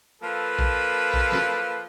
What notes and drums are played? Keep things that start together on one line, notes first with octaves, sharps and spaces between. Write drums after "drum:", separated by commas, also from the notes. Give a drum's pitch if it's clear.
F3 A#3 A4 B4
drum: kick A#1
drum: kick A#1
drum: snare